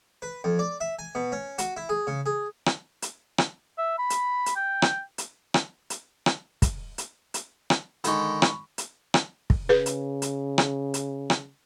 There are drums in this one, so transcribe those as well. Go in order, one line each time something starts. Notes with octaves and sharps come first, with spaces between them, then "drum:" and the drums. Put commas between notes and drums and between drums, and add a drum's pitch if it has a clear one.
B4
F2
D5
E5
G#5
B2
C#4
F#4, drum: hi-hat
E4
G#4
C#3
G#4
drum: rim click
drum: hi-hat
drum: rim click
E5
B5
drum: hi-hat
drum: hi-hat
G5
drum: rim click
drum: hi-hat
drum: rim click
drum: hi-hat
drum: rim click
drum: kick, hi-hat
drum: hi-hat
drum: hi-hat
drum: rim click
D3 D#3 G#3 B5 C#6, drum: hi-hat
drum: rim click
drum: hi-hat
drum: rim click
drum: kick
C#3 G#4 B4
drum: hi-hat
drum: hi-hat
drum: rim click
drum: hi-hat
drum: rim click